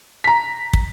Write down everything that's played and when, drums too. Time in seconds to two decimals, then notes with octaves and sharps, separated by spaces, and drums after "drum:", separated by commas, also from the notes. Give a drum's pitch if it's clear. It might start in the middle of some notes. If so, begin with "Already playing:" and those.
0.24 A#5 B6
0.73 drum: kick